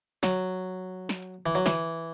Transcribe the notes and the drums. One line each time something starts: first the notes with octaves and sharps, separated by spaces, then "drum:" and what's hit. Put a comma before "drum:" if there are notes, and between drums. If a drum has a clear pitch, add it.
F#3, drum: snare
drum: snare
drum: hi-hat
E3
F#3
E3, drum: snare